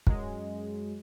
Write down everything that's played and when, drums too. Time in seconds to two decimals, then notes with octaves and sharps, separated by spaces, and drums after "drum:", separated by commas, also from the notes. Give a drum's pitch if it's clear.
0.07 F#2 F#3 G#3, drum: kick